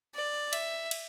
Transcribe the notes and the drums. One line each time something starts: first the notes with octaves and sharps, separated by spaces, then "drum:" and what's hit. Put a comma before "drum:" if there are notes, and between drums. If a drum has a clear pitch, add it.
D5
E5, drum: cymbal
drum: cymbal